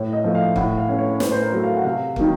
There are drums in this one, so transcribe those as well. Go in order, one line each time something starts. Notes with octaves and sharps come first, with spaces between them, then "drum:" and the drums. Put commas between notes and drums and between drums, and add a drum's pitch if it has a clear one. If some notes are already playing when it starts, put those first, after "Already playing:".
Already playing: A2 C#5
D#5
F3 A3
F5
A2 F#5, drum: kick
F5
A3 C#4
C#5
A2 C5, drum: snare
C5
A#4
F#3 A3
F5
F#5
C3 F5
D#3 F#3 A#3, drum: kick